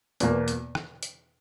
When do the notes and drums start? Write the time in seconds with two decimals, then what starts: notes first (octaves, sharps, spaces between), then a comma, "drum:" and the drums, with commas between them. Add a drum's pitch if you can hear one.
0.20 E2 B2 A#3, drum: hi-hat
0.48 drum: hi-hat
0.75 drum: rim click
1.03 drum: hi-hat